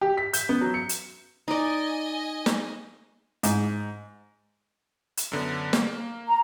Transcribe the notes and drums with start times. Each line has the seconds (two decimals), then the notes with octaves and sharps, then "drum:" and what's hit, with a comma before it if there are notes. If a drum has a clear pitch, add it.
0.01 G4
0.17 B6
0.33 G6, drum: hi-hat
0.49 B3
0.61 F#3
0.74 C#7
0.89 drum: hi-hat
1.48 D#4 D5 D#5 G#5
2.46 drum: snare
3.43 G#2, drum: hi-hat
5.17 drum: hi-hat
5.32 F#2 D3 B3
5.73 A#3, drum: snare
6.27 A#5